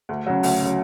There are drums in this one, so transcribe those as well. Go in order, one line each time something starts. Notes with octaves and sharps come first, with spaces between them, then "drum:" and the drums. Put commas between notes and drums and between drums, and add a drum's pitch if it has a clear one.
D2
C#3 F#3
D2, drum: open hi-hat
C#3 F#3